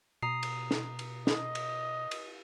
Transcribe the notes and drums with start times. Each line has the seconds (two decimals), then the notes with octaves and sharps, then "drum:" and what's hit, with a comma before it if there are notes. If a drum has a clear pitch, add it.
0.22 B2 A#5 D#6 C7
0.43 drum: cymbal
0.71 drum: snare
0.99 drum: cymbal
1.27 D#5, drum: snare
1.55 drum: cymbal
2.11 drum: cymbal